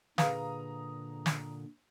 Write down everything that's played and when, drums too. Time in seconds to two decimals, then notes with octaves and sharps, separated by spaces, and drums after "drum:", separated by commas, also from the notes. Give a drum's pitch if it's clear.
0.18 A#2 D3 G#4 B4 F5 A#5 D#6, drum: snare
1.26 drum: snare